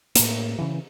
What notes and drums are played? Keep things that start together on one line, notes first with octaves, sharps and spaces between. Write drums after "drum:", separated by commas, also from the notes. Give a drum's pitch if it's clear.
A2 A#3, drum: hi-hat
C#3 E3